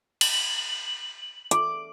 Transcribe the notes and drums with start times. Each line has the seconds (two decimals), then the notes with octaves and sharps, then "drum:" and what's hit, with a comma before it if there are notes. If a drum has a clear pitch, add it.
0.21 F#7, drum: cymbal
1.51 D6, drum: hi-hat